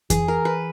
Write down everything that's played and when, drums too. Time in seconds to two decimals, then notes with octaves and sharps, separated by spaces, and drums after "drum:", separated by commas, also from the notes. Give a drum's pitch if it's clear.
0.10 E3 G#4, drum: kick F2, hi-hat
0.28 A#4
0.45 B4